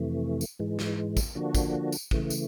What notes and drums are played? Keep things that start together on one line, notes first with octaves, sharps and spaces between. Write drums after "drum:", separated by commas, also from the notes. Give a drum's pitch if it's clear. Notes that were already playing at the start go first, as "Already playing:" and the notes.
Already playing: F2 C3 E3 A3
drum: tambourine
G#2 E3 G#3
drum: snare
drum: kick, tambourine
D3 F3 A#3 D4 F#4
drum: kick, tambourine
drum: tambourine
C#3 E3 A3, drum: kick
drum: tambourine